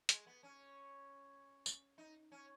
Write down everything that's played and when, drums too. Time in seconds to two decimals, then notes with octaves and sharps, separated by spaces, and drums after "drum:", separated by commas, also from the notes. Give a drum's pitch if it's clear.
0.09 G#3, drum: hi-hat
0.27 B3
0.43 C#4
1.66 drum: tambourine
1.98 D#4
2.32 C#4